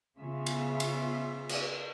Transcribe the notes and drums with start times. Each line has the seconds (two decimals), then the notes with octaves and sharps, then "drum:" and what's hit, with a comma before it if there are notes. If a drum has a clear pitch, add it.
0.18 C#3 B3 F4 G#4 E5
0.46 drum: cymbal
0.80 drum: cymbal
1.49 drum: cymbal